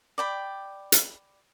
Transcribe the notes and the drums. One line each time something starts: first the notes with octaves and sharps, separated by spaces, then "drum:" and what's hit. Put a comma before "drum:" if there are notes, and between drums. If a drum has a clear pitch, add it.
D5 G5 B5
drum: hi-hat